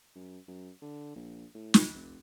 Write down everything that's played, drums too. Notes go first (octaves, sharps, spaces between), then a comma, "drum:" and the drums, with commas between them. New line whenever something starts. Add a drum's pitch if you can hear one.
F#2
F#2
D3
A#1
A2
drum: snare
F1